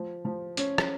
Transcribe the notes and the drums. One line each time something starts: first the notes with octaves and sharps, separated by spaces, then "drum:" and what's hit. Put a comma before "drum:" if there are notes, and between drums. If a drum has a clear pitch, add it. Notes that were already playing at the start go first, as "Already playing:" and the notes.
Already playing: F3
F3
C#4, drum: hi-hat
drum: rim click